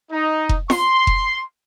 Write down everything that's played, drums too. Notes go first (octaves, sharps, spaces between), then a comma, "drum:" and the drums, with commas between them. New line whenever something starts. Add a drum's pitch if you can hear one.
D#4
drum: kick F1
C6, drum: snare
drum: kick F1